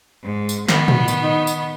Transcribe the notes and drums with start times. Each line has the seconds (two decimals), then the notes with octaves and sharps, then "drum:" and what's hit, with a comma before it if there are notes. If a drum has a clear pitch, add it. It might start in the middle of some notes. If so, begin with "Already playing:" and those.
0.22 G#2
0.49 drum: tambourine
0.69 D#3 B3, drum: snare
0.88 drum: tom A2
1.08 drum: tambourine
1.22 D#4
1.47 drum: tambourine